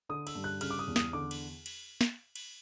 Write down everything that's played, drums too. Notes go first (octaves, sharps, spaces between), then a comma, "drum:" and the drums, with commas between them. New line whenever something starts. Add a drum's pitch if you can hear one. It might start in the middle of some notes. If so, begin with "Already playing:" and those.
D3 D#6
E6, drum: cymbal
G2
F#6
C#3 F6, drum: cymbal
D6
D#6
E2
D#6, drum: snare
D3 D6
drum: cymbal
drum: cymbal
drum: snare
drum: cymbal